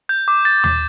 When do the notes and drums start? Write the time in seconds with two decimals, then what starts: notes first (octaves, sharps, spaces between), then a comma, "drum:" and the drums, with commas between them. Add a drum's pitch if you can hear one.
0.09 G6
0.28 D6
0.45 A6
0.64 D6, drum: tom D#2